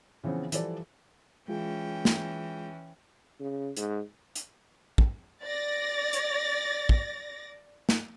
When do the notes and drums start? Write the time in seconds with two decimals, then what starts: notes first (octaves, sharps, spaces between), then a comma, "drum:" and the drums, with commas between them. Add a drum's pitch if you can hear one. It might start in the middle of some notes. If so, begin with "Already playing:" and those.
0.24 C#3 E3 F3 B3 C4
0.52 E3 F3 G3 A4 D5, drum: hi-hat
1.48 E3 G#3 C#4 F4 G#4 G5
2.05 drum: snare
3.40 C#3
3.77 G#2, drum: hi-hat
4.36 drum: hi-hat
4.98 drum: kick
5.43 D5 A6 A#6
6.13 drum: hi-hat
6.89 drum: kick
7.89 drum: snare